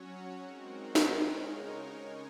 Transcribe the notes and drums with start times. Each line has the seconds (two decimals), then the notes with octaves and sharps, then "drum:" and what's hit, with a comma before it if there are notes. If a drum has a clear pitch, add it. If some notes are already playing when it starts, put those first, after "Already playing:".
Already playing: F#3 C#4 F#4 C#5
0.41 G#3 C4 D#4 F#4 A#4
0.95 drum: snare
1.22 C#3 G#3 D#4 A#4 C#5